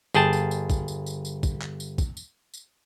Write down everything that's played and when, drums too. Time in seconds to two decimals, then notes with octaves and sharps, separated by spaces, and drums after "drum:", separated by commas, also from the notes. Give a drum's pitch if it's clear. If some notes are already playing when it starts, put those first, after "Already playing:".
0.14 G1 G#4 G5 A5, drum: tambourine
0.33 drum: tambourine
0.51 drum: tambourine
0.70 drum: kick, tambourine
0.88 drum: tambourine
1.06 drum: tambourine
1.25 drum: tambourine
1.43 drum: kick, tambourine
1.62 drum: clap
1.80 drum: tambourine
1.98 drum: kick, tambourine
2.17 drum: tambourine
2.54 drum: tambourine